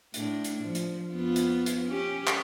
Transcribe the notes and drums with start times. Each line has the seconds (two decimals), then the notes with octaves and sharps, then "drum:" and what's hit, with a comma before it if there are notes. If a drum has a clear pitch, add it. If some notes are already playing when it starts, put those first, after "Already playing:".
0.14 A2 D4, drum: hi-hat
0.44 drum: hi-hat
0.63 F3
0.75 drum: hi-hat
1.12 F2 B3 F4
1.36 drum: hi-hat
1.66 drum: hi-hat
1.88 C#4 G4
2.27 drum: clap